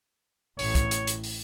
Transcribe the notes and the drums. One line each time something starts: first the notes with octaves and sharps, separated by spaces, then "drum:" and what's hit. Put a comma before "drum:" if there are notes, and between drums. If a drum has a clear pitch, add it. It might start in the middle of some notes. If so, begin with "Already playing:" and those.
A1 C#5, drum: open hi-hat
drum: kick, hi-hat
drum: hi-hat
drum: hi-hat
drum: open hi-hat